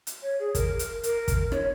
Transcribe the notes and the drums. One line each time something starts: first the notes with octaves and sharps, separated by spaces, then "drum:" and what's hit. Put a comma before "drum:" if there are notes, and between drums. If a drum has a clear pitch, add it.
drum: hi-hat
C#5
G#4
A#4, drum: kick, hi-hat
drum: hi-hat
A#4, drum: hi-hat
drum: kick, hi-hat
C#5, drum: rim click